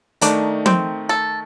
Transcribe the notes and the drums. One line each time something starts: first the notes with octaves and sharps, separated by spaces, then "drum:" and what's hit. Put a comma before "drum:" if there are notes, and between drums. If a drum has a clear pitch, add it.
D#3 A3 D4 D#4, drum: hi-hat
C4, drum: tom
A4